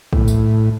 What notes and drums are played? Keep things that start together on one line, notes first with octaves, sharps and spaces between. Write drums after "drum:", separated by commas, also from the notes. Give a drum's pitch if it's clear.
A2, drum: kick A#1
drum: tambourine